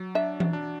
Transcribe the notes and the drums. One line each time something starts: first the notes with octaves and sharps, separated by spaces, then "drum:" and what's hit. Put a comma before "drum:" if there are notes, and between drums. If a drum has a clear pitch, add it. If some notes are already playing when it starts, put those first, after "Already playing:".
Already playing: F#3
D4 E5
drum: tom E3
D4